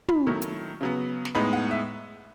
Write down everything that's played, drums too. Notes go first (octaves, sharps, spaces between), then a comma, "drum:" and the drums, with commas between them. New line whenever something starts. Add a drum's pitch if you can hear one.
B5, drum: tom
D#3 F#3 A3 E4 C#6
drum: hi-hat
C#3 F#3 B3
drum: snare
A2 G#3 B3 D#4 B5
F#5
E5